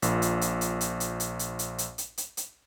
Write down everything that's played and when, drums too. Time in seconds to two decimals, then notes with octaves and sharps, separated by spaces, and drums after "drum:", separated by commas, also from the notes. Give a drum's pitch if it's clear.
0.02 A#1 A#2, drum: hi-hat
0.22 drum: hi-hat
0.41 drum: hi-hat
0.61 drum: hi-hat
0.81 drum: hi-hat
1.00 drum: hi-hat
1.20 drum: hi-hat
1.39 drum: hi-hat
1.59 drum: hi-hat
1.78 drum: hi-hat
1.98 drum: hi-hat
2.18 drum: hi-hat
2.37 drum: hi-hat